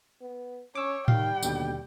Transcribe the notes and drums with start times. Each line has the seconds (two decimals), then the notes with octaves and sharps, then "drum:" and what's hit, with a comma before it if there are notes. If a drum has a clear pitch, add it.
0.21 B3
0.75 C#4 C#5 D6 E6
1.08 D#3 G3 F5 G5, drum: tom A2
1.43 D#2 B2 D3, drum: tambourine